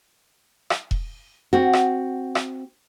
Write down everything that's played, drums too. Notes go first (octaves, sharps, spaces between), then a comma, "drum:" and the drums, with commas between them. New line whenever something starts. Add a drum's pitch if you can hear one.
drum: rim click
drum: kick E1
C4 F#4
drum: rim click
drum: rim click